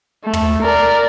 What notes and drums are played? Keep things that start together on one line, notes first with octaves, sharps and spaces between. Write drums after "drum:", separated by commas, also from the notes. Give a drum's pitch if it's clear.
A3
drum: tom
A#4 D5